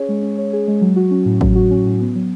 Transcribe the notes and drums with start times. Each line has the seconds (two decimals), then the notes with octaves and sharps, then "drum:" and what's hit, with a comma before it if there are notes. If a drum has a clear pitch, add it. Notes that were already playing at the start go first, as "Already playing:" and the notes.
Already playing: C#4 G#4 C#5
0.09 G#3
0.22 C#4
0.38 C#5
0.53 G#4
0.68 G#3
0.81 F#3
0.96 F#4
1.11 C#4
1.26 A2
1.41 F#3, drum: kick
1.55 F#4
1.71 C#4
1.85 A2
2.01 B3
2.15 F#3